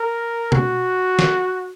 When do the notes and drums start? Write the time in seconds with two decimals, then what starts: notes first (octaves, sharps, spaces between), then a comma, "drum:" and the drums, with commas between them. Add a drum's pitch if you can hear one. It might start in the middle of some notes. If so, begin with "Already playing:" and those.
Already playing: A#4
0.52 F#4, drum: tom B2
1.19 drum: snare